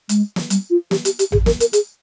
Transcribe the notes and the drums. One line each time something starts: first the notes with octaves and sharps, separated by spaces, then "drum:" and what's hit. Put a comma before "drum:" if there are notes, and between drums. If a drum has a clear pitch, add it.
G#3, drum: hi-hat
drum: snare
G3, drum: hi-hat
F4
G4, drum: snare
G4, drum: hi-hat
G4, drum: hi-hat
G#4, drum: tom A1
A#4, drum: snare
A#4, drum: hi-hat
G#4, drum: hi-hat